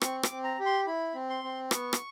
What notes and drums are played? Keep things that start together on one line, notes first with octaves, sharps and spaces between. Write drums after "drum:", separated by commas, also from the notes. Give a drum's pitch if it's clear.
C4 C#6, drum: rim click
D6, drum: rim click
C4
A#5
G4
C6
E4 B5
C4
C6
C4
B3 C#6, drum: rim click
drum: rim click